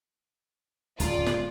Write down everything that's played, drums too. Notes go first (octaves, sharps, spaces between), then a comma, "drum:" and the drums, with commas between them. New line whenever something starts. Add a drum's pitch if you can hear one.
D1 C#2 F#2 F4 D5, drum: hi-hat
drum: snare